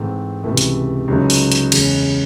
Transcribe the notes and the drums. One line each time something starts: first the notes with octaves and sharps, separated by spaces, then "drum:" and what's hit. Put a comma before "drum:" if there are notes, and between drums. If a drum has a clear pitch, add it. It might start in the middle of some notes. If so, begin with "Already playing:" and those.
Already playing: G#2 E3 A3 C4
C#2 C3 E3 A3
drum: hi-hat
C#2 C#3 F#3 A3 D#4
drum: open hi-hat
drum: hi-hat
E2 C#3 G#3 C#4, drum: cymbal